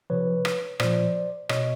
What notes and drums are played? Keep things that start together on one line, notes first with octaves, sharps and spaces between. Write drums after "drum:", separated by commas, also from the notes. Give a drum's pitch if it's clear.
C3 F3 B4 C#5
drum: rim click
A#2 F3 C5 D5, drum: rim click
B2 C#5 D#5, drum: rim click